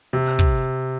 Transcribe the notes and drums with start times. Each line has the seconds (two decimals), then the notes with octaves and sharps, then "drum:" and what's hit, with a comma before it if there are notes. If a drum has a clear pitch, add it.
0.13 C3
0.39 drum: kick